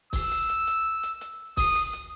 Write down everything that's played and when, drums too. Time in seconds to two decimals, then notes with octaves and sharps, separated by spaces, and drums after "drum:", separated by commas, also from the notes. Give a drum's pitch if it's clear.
0.13 E6, drum: kick, open hi-hat
0.31 drum: hi-hat
0.49 drum: hi-hat
0.67 drum: hi-hat
1.03 drum: hi-hat
1.21 drum: hi-hat
1.57 D#6, drum: kick, open hi-hat
1.75 drum: hi-hat
1.93 drum: hi-hat